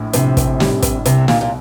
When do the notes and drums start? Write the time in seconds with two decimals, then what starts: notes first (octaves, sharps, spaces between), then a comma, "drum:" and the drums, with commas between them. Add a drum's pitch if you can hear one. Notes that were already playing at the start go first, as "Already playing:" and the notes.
Already playing: A#1 A2
0.13 A#1 C3, drum: hi-hat
0.37 drum: kick, hi-hat
0.60 A2 G3, drum: snare
0.82 drum: kick, hi-hat
1.05 C2 C3, drum: hi-hat
1.28 A#2, drum: snare
1.41 A#2